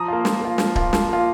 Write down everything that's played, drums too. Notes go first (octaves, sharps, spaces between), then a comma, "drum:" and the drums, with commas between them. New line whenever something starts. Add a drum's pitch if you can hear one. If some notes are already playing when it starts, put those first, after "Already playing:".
Already playing: F3 A#5 D#6
A#3 F4
F3, drum: snare
A#3 F4
F3, drum: snare
A#3 F4, drum: kick D1
F3, drum: snare
A#3 F4